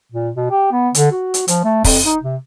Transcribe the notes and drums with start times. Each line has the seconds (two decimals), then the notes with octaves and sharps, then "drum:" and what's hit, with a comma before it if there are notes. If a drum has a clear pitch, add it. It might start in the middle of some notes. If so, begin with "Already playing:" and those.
0.12 A#2
0.36 B2
0.51 G4
0.72 B3
0.95 D3, drum: hi-hat
1.12 F#4
1.34 drum: hi-hat
1.48 F3, drum: hi-hat
1.64 A3
1.84 F2, drum: kick, open hi-hat
2.04 D#4
2.24 C3